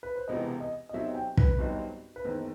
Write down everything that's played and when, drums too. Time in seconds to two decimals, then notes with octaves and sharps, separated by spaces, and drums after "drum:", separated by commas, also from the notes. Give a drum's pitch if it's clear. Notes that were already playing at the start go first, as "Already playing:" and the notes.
0.03 B4
0.15 C5
0.28 E1 E2 C3 E3 B3 D#5
0.60 D#5
0.89 D#5
0.93 B2 F#3 C4 D#4 G4 E5
1.15 G5
1.37 B4, drum: kick
1.58 G1 G2 F#3 C4 D#4
2.16 B4
2.24 F#1 E2 D#3 C5